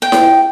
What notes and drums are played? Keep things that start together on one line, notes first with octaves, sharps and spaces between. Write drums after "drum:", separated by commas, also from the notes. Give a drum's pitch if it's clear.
G5
drum: snare E4